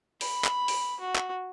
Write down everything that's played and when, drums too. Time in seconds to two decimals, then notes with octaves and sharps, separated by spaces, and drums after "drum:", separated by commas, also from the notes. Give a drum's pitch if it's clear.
0.21 B5, drum: open hi-hat
0.45 drum: clap
0.68 drum: open hi-hat
1.00 F#4
1.16 drum: clap